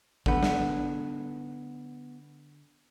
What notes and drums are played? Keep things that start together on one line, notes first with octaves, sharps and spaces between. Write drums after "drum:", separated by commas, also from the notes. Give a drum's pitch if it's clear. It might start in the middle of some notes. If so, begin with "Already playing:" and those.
D3 B3, drum: kick
drum: snare